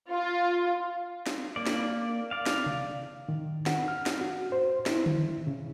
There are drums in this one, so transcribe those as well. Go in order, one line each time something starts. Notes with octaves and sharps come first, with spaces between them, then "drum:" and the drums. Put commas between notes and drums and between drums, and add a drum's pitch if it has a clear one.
F4
drum: snare
A#3 D5
drum: snare
D5 F5
drum: snare
drum: tom C3
D#3
F#5, drum: snare
F6
drum: snare
F#4
C5
E4, drum: snare
drum: tom D3
C#3